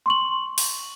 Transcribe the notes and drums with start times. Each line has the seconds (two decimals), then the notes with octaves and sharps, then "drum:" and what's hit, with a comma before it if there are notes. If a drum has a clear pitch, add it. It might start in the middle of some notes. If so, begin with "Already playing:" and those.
0.06 C6 C#6 F#7
0.58 drum: open hi-hat